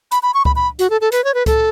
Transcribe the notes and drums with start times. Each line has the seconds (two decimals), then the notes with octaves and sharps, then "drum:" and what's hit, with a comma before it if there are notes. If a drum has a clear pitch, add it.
0.11 B5, drum: hi-hat
0.23 B5
0.34 C#6
0.45 B5, drum: kick C#2
0.56 B5
0.79 F#4, drum: hi-hat
0.90 A4
1.01 A4
1.12 B4, drum: hi-hat
1.24 C#5
1.34 B4
1.46 A4, drum: kick C#2, hi-hat